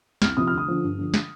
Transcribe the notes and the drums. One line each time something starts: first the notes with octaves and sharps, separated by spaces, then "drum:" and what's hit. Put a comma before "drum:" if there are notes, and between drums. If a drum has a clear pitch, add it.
C2 F6, drum: snare
C3 F3 D#6
D2 F6
D#6
D3 F3
G2
D3 F3
drum: snare